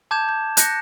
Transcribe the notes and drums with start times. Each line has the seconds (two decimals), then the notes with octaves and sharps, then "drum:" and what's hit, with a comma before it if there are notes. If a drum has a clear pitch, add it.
0.11 A5 D6 G6 G#6 E7
0.29 G6
0.57 F#6 G6 A#6 C#7, drum: hi-hat